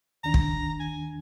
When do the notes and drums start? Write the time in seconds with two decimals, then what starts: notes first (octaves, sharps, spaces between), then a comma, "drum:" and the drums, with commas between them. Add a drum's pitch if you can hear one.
0.24 D#2 D#3 D4 A#5
0.34 drum: kick
0.80 G#5